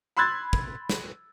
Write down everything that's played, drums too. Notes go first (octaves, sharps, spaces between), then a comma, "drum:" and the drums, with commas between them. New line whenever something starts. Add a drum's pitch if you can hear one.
B5 C6 E6 F#6 G#6 A6
drum: kick
drum: snare